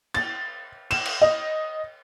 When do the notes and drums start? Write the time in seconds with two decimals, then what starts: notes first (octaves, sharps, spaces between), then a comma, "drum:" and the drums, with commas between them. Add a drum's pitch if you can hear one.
0.14 A6, drum: cymbal
0.91 E7, drum: cymbal
1.05 drum: cymbal
1.22 D#5